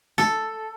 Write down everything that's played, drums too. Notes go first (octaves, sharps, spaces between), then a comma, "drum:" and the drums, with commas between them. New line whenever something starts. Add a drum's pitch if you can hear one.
A4, drum: snare